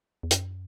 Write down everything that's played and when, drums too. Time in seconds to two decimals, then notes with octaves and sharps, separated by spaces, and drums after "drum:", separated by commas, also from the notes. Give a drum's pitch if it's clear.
0.23 E2
0.31 F#2, drum: hi-hat